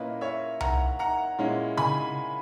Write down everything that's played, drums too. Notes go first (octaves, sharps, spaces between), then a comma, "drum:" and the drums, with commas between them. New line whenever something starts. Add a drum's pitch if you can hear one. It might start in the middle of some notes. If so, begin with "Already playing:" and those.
Already playing: A#2 A#3 C#4 E4 B4 D#5
C#5 E5
F#5 A#5, drum: tom C2
F#5 A#5
A#2 G#3 C#4 E4
G#5 B5, drum: tom C#3